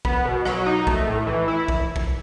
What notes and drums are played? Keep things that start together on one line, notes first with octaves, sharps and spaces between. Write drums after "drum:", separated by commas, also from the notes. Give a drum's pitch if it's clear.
B3, drum: kick A#1
B2
F#3, drum: rim click
D#4
A3, drum: kick A#1
A2
E3
E4
drum: kick A#1
drum: kick A#1